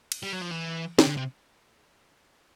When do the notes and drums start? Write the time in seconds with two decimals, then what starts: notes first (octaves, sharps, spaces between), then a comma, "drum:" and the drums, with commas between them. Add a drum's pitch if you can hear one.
0.12 drum: cymbal
0.23 G3
0.33 F#3
0.42 F3
0.51 E3
0.99 D#3, drum: snare
1.07 D3
1.17 C3